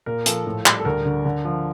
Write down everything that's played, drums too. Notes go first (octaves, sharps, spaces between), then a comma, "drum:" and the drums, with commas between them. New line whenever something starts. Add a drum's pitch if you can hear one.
A#2 A#4
F3 A4, drum: hi-hat
A2
G3, drum: clap
A4
D2 A#4
D3
D3
F3